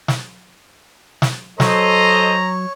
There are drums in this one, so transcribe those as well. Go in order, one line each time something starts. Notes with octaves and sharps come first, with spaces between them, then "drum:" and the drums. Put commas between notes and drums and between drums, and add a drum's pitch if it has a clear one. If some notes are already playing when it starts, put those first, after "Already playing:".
drum: snare
drum: snare
F#3 A4 C5 C#5 D#5 A#5, drum: snare